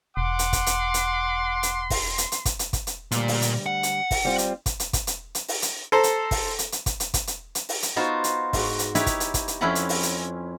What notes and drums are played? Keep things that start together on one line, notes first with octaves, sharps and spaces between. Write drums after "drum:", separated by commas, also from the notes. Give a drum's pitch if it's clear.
E1 F#5 C6 D6
drum: hi-hat
drum: kick, hi-hat
drum: hi-hat
drum: hi-hat
drum: hi-hat
drum: kick, open hi-hat
drum: hi-hat
drum: hi-hat
drum: kick, hi-hat
drum: hi-hat
drum: kick, hi-hat
drum: hi-hat
D2 A#2 G3, drum: hi-hat
drum: open hi-hat
drum: hi-hat
F#5
drum: hi-hat
drum: kick, open hi-hat
G3 C4 F4
drum: hi-hat
drum: kick, hi-hat
drum: hi-hat
drum: kick, hi-hat
drum: hi-hat
drum: hi-hat
drum: open hi-hat
drum: hi-hat
A4 C5 A#5
drum: hi-hat
drum: kick, open hi-hat
drum: hi-hat
drum: hi-hat
drum: kick, hi-hat
drum: hi-hat
drum: kick, hi-hat
drum: hi-hat
drum: hi-hat
drum: open hi-hat
drum: hi-hat
B3 D#4 F4 F#4 C5
drum: hi-hat
G#2 F#4, drum: kick, open hi-hat
drum: hi-hat
D#4 E4 G4 B4 C#5, drum: hi-hat
drum: kick, hi-hat
drum: hi-hat
drum: kick, hi-hat
drum: hi-hat
F2 C#4 E4 B4 F#5 A#5
drum: hi-hat
drum: open hi-hat
drum: hi-hat